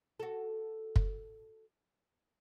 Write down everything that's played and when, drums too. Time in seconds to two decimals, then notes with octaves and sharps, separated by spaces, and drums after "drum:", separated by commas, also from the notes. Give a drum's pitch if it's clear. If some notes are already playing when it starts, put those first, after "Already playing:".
0.20 F#4 A4
0.96 drum: kick